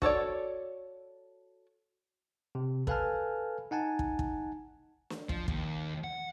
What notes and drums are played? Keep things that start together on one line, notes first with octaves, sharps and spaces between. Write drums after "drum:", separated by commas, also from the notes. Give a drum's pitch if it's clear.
F#4 A4 C#5 D5, drum: kick
C3
A4 B4 F5 G#5 A5 F6, drum: kick
D#4 F#5 G#5 A5
drum: kick
drum: kick
drum: snare
F3, drum: kick
D#2, drum: kick
F#5